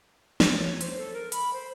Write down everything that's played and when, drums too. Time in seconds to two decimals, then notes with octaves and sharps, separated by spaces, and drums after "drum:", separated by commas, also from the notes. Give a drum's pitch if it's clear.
0.40 drum: snare
0.59 C#5
0.81 C5, drum: hi-hat
0.98 A4
1.13 A#4
1.32 B5, drum: hi-hat
1.53 C5